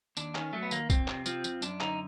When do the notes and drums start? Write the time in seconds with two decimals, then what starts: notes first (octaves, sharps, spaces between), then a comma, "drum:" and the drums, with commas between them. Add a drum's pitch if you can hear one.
0.17 D#2 D4, drum: tambourine
0.35 D#3 C#4, drum: clap
0.53 F#3 A3
0.63 B3
0.71 D#2 A#3, drum: tambourine
0.90 F2 C4, drum: kick B1, tambourine
1.08 C3, drum: clap
1.26 F3 C4, drum: tambourine
1.44 F2, drum: tambourine
1.62 F#2 D4, drum: tambourine
1.81 D3 D#4, drum: clap